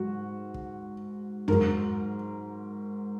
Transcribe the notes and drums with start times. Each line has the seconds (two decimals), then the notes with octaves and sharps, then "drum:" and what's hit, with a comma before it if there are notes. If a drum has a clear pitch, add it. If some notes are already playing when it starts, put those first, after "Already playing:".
Already playing: G#2 F#3 F#4
0.54 drum: kick
1.48 G#2 F#3 A#4, drum: tom